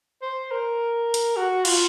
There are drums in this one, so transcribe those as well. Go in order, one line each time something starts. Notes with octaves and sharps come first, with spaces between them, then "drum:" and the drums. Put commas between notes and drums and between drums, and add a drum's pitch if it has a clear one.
C5
A#4
drum: hi-hat
F#4
F4, drum: cymbal